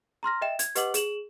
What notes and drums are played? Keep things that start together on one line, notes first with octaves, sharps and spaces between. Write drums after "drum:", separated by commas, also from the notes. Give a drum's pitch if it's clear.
A#5 C6 F6 A#6
D#5 E5 G5 E7
G#6, drum: hi-hat
G4 B4 D#5 F#5 D6 F#7, drum: hi-hat
G#4 E7 F#7, drum: hi-hat